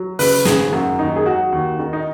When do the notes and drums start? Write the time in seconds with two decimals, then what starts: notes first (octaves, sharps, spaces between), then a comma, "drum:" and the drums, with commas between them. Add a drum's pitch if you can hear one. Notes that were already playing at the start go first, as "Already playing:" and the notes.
Already playing: F#3
0.19 C#3 B4, drum: open hi-hat
0.45 G#1 G#4, drum: snare
0.72 F#2 F#4
0.99 D#2 D#4
1.16 G#4
1.26 F#3 F#4
1.52 D#2
1.79 D#3
1.93 D#4